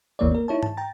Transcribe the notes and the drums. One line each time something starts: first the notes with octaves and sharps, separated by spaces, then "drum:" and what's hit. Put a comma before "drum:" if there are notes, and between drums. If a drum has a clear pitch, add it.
G#1 D#2 E3 A#3 C#5 D5
A#3 A#4
D#4 E4 C#5 A5
A5, drum: tom G#2
G5 A#5 A6